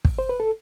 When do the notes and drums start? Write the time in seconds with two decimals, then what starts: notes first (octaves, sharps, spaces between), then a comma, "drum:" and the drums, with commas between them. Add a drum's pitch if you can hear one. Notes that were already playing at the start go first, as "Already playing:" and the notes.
0.05 drum: kick
0.19 C5
0.29 B4
0.40 A4